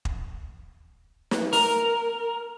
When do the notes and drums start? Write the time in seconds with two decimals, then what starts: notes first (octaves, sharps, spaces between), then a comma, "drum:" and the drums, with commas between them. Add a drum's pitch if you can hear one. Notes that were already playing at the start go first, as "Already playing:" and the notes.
0.05 drum: kick
1.31 drum: snare
1.53 A#4, drum: open hi-hat